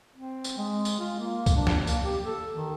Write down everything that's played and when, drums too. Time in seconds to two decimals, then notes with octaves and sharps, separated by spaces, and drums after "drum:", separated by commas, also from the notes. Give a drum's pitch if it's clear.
0.16 C4
0.44 drum: tambourine
0.58 G#3
0.85 drum: tambourine
0.99 F4
1.20 A#3
1.46 drum: kick C#2, tambourine
1.56 D4
1.67 drum: snare
1.87 A#3, drum: tambourine
2.04 G4
2.24 A4
2.54 D#3